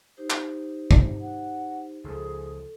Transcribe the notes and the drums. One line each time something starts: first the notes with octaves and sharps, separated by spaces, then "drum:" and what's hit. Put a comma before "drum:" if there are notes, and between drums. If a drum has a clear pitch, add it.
D#4 G4 C5
drum: clap
drum: kick
F#5
C#2 F3 G#4 A4